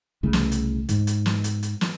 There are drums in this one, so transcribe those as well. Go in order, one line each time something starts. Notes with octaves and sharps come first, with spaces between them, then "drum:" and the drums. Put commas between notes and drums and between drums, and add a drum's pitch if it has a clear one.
C2 C#3 A3
drum: snare
drum: hi-hat
G#2, drum: kick, hi-hat
drum: hi-hat
drum: snare
drum: hi-hat
drum: hi-hat
drum: snare